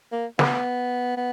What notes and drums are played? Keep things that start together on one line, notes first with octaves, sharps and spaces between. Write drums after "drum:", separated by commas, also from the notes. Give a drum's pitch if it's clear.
A#3
B3, drum: snare
B3